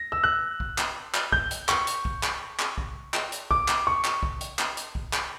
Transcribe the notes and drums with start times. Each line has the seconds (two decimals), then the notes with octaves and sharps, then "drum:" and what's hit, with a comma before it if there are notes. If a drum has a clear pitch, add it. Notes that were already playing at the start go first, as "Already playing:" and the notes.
Already playing: A#6
0.12 E6
0.24 F#6
0.60 drum: kick B1
0.78 drum: clap
1.14 drum: clap
1.32 G6, drum: kick B1
1.51 drum: hi-hat
1.69 C#6, drum: clap
1.87 drum: hi-hat
2.05 drum: kick B1
2.23 drum: clap
2.59 drum: clap
2.78 drum: kick B1
3.14 drum: clap
3.32 drum: hi-hat
3.51 D6, drum: kick B1
3.68 drum: clap
3.87 C#6
4.04 drum: clap
4.23 drum: kick B1
4.41 drum: hi-hat
4.59 drum: clap
4.77 drum: hi-hat
4.95 drum: kick B1
5.13 drum: clap